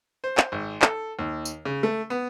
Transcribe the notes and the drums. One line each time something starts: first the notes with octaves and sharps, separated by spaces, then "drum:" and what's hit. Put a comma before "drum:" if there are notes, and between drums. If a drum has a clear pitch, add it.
C5
drum: clap
G#1
A4, drum: clap
D#2
drum: tambourine
C#3
A3
B3